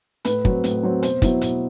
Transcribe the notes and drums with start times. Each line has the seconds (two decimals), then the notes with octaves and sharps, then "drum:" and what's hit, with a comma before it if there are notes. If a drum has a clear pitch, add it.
0.25 A2 B4, drum: hi-hat
0.45 F#3 C4, drum: kick
0.64 A2, drum: hi-hat
0.83 F#3 C4
1.03 B2 C5, drum: hi-hat
1.22 F#3 B3 E4, drum: kick, hi-hat
1.41 B2, drum: hi-hat